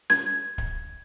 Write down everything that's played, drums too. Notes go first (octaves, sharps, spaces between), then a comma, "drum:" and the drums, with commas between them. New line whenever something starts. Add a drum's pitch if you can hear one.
G#6, drum: snare C#4
drum: kick D1